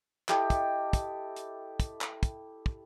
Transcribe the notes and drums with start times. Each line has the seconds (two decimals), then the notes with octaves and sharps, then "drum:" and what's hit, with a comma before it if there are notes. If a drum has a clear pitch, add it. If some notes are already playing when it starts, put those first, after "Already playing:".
0.29 E4 G4 A4 D#5, drum: clap
0.50 drum: kick, hi-hat
0.93 drum: kick, hi-hat
1.36 drum: hi-hat
1.80 drum: kick, hi-hat
2.01 drum: clap
2.23 drum: kick, hi-hat
2.66 drum: kick